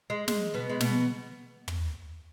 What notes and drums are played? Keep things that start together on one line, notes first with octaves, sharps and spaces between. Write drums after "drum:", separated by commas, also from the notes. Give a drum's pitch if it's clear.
G#3
G#3, drum: snare
B2 B3
G#3
B2 B3, drum: snare
drum: tom